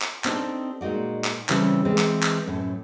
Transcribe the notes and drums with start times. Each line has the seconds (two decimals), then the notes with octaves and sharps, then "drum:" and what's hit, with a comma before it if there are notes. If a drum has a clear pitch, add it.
0.02 drum: clap
0.24 B3 C4 D4 D#4 G4 A4, drum: clap
0.81 A#2 G#3 D#4 F#4 D5
1.24 drum: clap
1.49 C#3 E3 G3 C4 E4 A4, drum: clap
1.85 E3 G#3 C4
1.98 drum: clap
2.23 drum: clap
2.47 F#2 A2